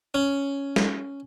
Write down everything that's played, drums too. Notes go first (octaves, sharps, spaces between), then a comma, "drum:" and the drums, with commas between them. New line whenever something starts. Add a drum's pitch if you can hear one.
C#4
drum: snare